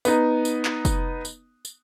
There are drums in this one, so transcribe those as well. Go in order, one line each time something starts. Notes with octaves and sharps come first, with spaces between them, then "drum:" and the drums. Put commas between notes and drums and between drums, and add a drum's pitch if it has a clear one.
B3 D#4, drum: tambourine
drum: tambourine
drum: clap
drum: kick, tambourine
drum: tambourine
drum: tambourine